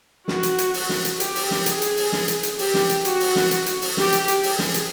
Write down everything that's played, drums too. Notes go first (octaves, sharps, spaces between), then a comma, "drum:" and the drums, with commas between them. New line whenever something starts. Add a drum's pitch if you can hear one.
F#4, drum: snare
drum: hi-hat
drum: hi-hat
drum: open hi-hat
drum: snare
drum: hi-hat
G4, drum: hi-hat
drum: open hi-hat
drum: snare
G#4, drum: hi-hat
drum: hi-hat
drum: open hi-hat
drum: snare
drum: hi-hat
drum: hi-hat
G4, drum: open hi-hat
drum: snare
drum: hi-hat
F#4, drum: hi-hat
drum: open hi-hat
drum: snare
drum: hi-hat
drum: hi-hat
drum: open hi-hat
G4, drum: snare
drum: hi-hat
drum: hi-hat
G#4, drum: open hi-hat
drum: snare
drum: hi-hat